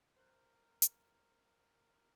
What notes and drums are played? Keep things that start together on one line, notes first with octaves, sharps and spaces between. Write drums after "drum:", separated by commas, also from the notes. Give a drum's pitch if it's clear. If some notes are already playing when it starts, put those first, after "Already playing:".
A#4 C5 F#6
drum: hi-hat